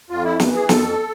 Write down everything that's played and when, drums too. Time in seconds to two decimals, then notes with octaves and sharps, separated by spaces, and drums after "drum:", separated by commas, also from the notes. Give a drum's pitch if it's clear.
0.10 F2 F4
0.24 E4
0.40 E3, drum: snare
0.54 G#4
0.69 F2 A4, drum: snare